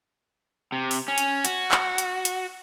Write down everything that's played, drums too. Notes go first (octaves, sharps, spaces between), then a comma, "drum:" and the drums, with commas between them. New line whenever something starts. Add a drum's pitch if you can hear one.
C3
drum: open hi-hat
C#4
drum: hi-hat
F#4, drum: hi-hat
drum: clap
drum: hi-hat
drum: hi-hat